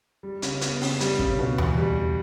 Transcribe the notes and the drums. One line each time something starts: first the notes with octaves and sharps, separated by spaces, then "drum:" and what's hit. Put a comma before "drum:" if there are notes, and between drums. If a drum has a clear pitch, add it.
G3
C#3, drum: hi-hat
B3, drum: hi-hat
C#3, drum: open hi-hat
G3, drum: hi-hat
C#3, drum: kick
B2
E2, drum: tom D#2
G3